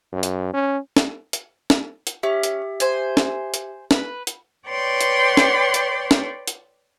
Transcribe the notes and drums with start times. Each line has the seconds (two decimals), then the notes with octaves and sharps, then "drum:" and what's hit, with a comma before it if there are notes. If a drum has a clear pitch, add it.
0.12 F#2
0.23 drum: hi-hat
0.53 C#4
0.97 drum: snare
1.33 drum: hi-hat
1.70 drum: snare
2.07 drum: hi-hat
2.23 C#4 G4 E5
2.43 drum: hi-hat
2.80 C5 G#5, drum: hi-hat
3.17 drum: snare
3.54 drum: hi-hat
3.91 B4, drum: snare
4.27 drum: hi-hat
4.68 B4 C#5 D5 G5 C6
5.01 drum: hi-hat
5.37 drum: snare
5.74 drum: hi-hat
6.11 drum: snare
6.48 drum: hi-hat